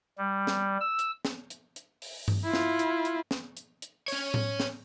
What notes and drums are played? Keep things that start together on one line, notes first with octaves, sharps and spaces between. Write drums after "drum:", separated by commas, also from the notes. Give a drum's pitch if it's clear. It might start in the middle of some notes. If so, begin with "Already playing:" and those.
G3
drum: snare
E6
drum: hi-hat
drum: snare
drum: hi-hat
drum: hi-hat
drum: open hi-hat
drum: tom G2
E4 F4
drum: snare
drum: hi-hat
drum: hi-hat
drum: snare
drum: hi-hat
drum: hi-hat
C#4 C#5, drum: open hi-hat
drum: tom A2
drum: snare